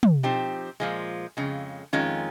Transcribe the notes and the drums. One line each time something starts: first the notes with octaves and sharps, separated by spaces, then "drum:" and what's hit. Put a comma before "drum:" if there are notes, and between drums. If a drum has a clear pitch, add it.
drum: tom
F3 C4 D#4 G4
A#2 F3 G#3
F2 C#3 G#3
F2 D#3 G#3 C#4 F4